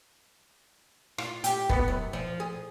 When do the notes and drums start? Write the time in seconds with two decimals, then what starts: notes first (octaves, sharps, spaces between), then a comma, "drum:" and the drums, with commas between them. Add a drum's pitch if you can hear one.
1.18 F4, drum: rim click
1.44 G4, drum: hi-hat
1.70 B3, drum: kick
1.88 F#2
2.13 F3
2.40 G#4